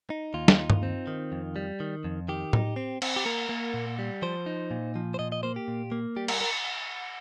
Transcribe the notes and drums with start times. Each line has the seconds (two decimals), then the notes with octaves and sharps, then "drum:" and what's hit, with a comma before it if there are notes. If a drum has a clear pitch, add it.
0.10 D#4
0.34 D#2 F4
0.48 drum: snare
0.58 D#4
0.70 drum: tom G2
0.83 C4
1.07 D#3
1.32 F2
1.56 G3
1.80 D#3
2.04 F2
2.28 D#3 G4
2.53 D#4, drum: tom A2
2.76 C4
3.02 C4, drum: cymbal
3.16 G4
3.25 A#3 A#4
3.49 A#3
3.74 A#2
3.99 G3
4.22 F3 C5
4.46 D#4
4.71 A#2
4.96 F3
5.14 C5
5.19 A#2 D#5
5.32 D#5
5.43 A#3 C5
5.56 G4
5.68 A#2
5.92 A#3
6.16 G3 G4
6.28 A#4, drum: cymbal
6.41 A#4